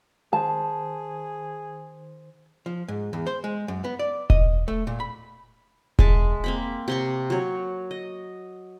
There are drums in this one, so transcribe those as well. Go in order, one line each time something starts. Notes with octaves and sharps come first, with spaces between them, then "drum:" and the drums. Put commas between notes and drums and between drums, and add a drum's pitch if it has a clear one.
D#3 G#4 C5 A5
F3
G#2
E2
C5
G#3
F#2
B3
D5
D#5, drum: kick E1
A3
A#2
B5
G#3 E5 A5, drum: kick E1
A#3 C4 B5
C3 C6 C#6
F#3 C#5
D#5